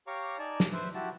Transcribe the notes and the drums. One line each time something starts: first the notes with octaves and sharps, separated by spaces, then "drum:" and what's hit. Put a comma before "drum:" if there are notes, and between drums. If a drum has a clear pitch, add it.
G4 C#5 F5 A#5 C#6 D6
D#4 D5 G#5 A5
drum: snare
B4 C5 E5
E4 F#4 G4 A5